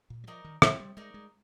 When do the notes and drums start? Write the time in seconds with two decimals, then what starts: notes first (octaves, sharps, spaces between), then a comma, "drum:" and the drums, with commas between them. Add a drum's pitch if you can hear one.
0.10 A#2
0.24 G3
0.27 F3 D#4 A#4 D5
0.44 D#3
0.62 F3 C4, drum: rim click
0.74 F3
0.80 G3
0.97 G#3 D#4 A#4 D5
1.14 G#3